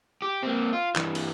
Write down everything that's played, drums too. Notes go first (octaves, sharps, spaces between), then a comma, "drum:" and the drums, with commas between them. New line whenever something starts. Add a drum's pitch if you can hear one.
G4
A#3 C4
F4
G2 E3, drum: clap
drum: cymbal